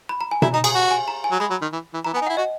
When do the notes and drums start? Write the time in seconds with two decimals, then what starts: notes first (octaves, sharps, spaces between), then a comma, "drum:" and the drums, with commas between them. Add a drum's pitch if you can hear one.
0.09 B5
0.21 A#5
0.31 G#5
0.42 E4 A#5, drum: tom B2
0.54 D#4 A#5
0.64 G#4 G#5, drum: cymbal
0.75 F#4
0.91 G#5
1.08 A#5
1.24 G#5
1.32 F#3
1.40 G#3 B5
1.50 F#3
1.62 D#3
1.73 E3
1.94 E3
2.05 E3 A#5
2.14 B3
2.16 G#5
2.22 D#4
2.27 F#5
2.30 E4
2.37 F#4 D#5